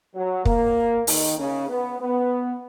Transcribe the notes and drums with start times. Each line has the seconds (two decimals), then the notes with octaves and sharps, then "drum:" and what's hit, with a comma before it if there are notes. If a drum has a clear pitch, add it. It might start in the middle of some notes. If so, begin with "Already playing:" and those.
0.15 F#3
0.45 A#3, drum: kick
1.07 D#3, drum: open hi-hat
1.38 C#3
1.68 B3
1.99 B3